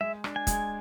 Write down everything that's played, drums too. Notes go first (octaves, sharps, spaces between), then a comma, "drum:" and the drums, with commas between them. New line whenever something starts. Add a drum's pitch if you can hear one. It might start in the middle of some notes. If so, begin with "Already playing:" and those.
G#3 E5
D4, drum: rim click
G#5
G#3, drum: kick, hi-hat